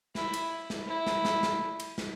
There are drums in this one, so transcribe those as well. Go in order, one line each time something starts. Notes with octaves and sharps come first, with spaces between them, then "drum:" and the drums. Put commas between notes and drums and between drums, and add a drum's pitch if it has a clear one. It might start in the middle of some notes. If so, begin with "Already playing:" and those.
E4, drum: snare
drum: cymbal
drum: snare
E4
drum: snare
drum: snare
drum: snare
drum: cymbal
drum: snare